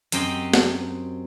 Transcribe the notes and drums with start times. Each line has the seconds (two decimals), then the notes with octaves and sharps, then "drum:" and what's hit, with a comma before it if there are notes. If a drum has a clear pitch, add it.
0.12 F#2 C4 G4 D#5 G5, drum: hi-hat
0.54 drum: snare